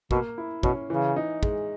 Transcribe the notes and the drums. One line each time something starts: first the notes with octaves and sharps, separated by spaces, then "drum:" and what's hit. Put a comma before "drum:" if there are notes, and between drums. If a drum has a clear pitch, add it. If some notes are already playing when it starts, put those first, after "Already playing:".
B2 A#3, drum: kick
E4
B2 C#4, drum: kick
C#3 E3
D#4
G#3, drum: kick